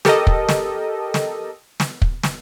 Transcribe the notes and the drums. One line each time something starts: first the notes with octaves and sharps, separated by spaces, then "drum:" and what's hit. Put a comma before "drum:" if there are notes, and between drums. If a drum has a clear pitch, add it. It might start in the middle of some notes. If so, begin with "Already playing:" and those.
G4 A4 A#4 D#5, drum: snare
drum: kick
drum: snare
drum: snare
drum: snare
drum: kick
drum: snare